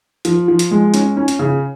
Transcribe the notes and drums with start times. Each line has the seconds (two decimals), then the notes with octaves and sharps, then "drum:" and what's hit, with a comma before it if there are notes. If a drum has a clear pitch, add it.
0.25 F3, drum: hi-hat
0.48 F3
0.59 drum: hi-hat
0.71 G#3
0.94 C#4, drum: hi-hat
1.17 C#4
1.28 drum: hi-hat
1.39 C#3